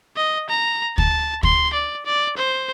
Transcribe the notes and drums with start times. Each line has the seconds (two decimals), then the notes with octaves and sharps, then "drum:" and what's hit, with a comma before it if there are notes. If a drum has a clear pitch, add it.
0.17 D#5
0.50 A#5
0.98 A5, drum: kick
1.43 C6, drum: kick
1.74 D5
2.06 D5
2.37 C5